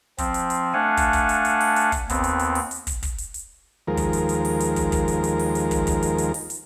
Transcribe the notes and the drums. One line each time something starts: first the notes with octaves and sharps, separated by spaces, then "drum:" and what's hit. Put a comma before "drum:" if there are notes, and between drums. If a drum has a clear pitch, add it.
F3 C4, drum: kick, hi-hat
drum: hi-hat
drum: hi-hat
A3 D4 F5 F#5 G#5
drum: kick, hi-hat
drum: kick, hi-hat
drum: hi-hat
drum: hi-hat
drum: open hi-hat
drum: hi-hat
drum: kick, hi-hat
D#2 B3 C4, drum: kick, hi-hat
drum: hi-hat
drum: hi-hat
drum: open hi-hat
drum: hi-hat
drum: kick, hi-hat
drum: kick, hi-hat
drum: hi-hat
drum: hi-hat
D#2 F3 G#3 A#4
drum: kick, hi-hat
drum: hi-hat
drum: hi-hat
drum: open hi-hat
drum: hi-hat
drum: kick, hi-hat
drum: kick, hi-hat
drum: hi-hat
drum: hi-hat
drum: open hi-hat
drum: hi-hat
drum: kick, hi-hat
drum: kick, hi-hat
drum: hi-hat
drum: hi-hat
drum: open hi-hat
drum: hi-hat